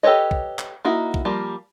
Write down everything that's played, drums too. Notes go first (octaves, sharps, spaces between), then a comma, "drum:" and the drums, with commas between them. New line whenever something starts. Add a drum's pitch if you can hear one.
G4 A4 B4 C#5 D#5
drum: kick
drum: clap
A#3 D#4 E4 F#4
drum: kick
F3 G3 A#3